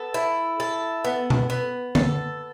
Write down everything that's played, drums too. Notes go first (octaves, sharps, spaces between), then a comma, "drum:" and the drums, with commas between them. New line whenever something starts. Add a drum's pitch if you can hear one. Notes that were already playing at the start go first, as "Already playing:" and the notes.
Already playing: B3 A4
E4
A4
B3
drum: tom B2
B3
A4, drum: tom D3